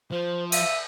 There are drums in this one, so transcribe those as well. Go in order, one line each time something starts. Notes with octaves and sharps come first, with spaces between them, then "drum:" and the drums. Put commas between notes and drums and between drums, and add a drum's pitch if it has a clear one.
F3 C5
E5 F5 D#7, drum: cymbal